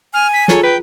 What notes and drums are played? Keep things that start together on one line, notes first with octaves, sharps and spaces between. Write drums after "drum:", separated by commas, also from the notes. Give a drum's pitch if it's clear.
G#5 F6
B6
F4 G#4 A4 C#5 A#5, drum: snare
B4 G5